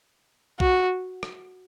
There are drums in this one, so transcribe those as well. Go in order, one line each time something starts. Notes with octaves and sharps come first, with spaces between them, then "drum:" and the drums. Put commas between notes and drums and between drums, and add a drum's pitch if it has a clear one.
F#4, drum: kick B1
drum: rim click